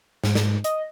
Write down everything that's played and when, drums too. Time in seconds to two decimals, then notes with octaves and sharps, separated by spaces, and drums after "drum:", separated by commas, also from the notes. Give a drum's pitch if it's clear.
0.24 G#2, drum: snare
0.35 drum: snare
0.64 D#5, drum: hi-hat